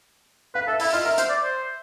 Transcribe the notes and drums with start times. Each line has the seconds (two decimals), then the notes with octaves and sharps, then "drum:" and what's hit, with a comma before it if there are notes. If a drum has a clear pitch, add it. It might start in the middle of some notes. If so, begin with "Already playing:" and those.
0.55 B4 F5
0.68 A4 E5
0.80 E4 E5, drum: open hi-hat
0.93 F4 D#5
1.05 A#4 E5
1.18 C5, drum: hi-hat
1.30 D5
1.43 C5